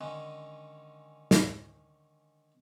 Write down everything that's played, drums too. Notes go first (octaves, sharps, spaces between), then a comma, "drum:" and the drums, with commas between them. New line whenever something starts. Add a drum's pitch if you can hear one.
D3 D#3 G#3 C#4
drum: snare